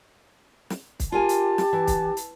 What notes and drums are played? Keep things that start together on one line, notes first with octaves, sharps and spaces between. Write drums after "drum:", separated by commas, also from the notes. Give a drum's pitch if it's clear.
drum: snare
drum: kick, hi-hat
F4 G4 A#4 G#5 A5
drum: hi-hat
drum: snare
E3
drum: kick, hi-hat
drum: hi-hat